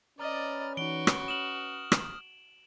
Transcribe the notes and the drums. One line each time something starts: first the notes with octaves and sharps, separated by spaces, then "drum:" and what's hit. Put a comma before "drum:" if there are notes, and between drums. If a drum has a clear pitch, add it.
C#4 B4 D5 D#5 A#5 F6 A6
E3 D#4 F#4 D7 G7
drum: rim click
D#6 F6 E7 F#7
drum: rim click